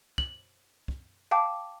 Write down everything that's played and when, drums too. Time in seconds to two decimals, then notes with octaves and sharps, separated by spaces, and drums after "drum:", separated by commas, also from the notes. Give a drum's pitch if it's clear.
0.18 F#7, drum: kick
0.88 drum: kick
1.31 F5 G5 A5 D6